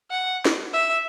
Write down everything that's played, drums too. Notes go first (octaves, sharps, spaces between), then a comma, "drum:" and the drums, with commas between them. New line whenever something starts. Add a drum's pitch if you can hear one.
F#5
drum: snare
E5